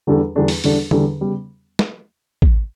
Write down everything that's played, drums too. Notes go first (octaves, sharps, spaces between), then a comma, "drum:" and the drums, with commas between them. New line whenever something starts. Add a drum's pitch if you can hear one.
E2 D3 G3 D4 A4
E2 D3 G3 D4 A4
drum: open hi-hat
E2 D3 G3 D4 A4, drum: open hi-hat
E2 D3 G3 D4 A4, drum: tom D3
C#3 G3 B3
drum: snare
drum: kick